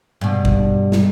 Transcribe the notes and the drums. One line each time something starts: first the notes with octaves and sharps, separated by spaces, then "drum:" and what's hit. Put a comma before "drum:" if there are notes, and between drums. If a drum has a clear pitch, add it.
G2 B2
drum: kick
drum: snare